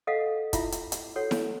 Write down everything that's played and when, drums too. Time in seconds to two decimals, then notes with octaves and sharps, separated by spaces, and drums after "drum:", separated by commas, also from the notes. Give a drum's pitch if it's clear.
0.07 A4 D#5 F5 F#5
0.53 E4 F4 E5, drum: kick, hi-hat
0.72 drum: hi-hat
0.92 drum: hi-hat
1.16 F#4 A4 C#5 F#5
1.31 drum: snare E4